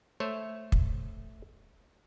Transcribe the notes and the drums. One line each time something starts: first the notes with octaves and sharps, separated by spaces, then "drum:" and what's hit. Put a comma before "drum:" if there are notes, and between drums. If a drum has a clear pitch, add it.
A3 C5 C#5 E5
drum: kick